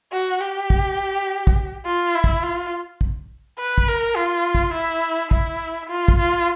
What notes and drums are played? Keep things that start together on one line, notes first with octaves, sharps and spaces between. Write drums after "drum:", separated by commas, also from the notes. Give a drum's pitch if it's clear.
F#4
G4
drum: kick
drum: kick
F4
E4
drum: kick
F4
drum: kick
B4
drum: kick
A#4
F4
drum: kick
E4
E4, drum: kick
F4
drum: kick
F4